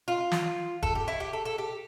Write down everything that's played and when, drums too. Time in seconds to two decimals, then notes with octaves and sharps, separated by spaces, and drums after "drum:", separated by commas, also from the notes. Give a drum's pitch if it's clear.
0.08 F4
0.32 drum: snare
0.83 A4, drum: kick E1
0.95 G4
1.08 E4
1.20 G4
1.33 A4
1.45 A4
1.58 G4